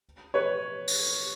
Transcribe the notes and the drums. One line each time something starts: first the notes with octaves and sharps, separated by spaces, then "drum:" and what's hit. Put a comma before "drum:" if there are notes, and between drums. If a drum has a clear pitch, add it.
B4 C#5
drum: open hi-hat